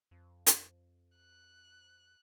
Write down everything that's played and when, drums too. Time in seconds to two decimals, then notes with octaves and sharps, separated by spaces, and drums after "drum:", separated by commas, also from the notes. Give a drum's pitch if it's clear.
0.11 F2
0.47 drum: hi-hat
1.16 F#6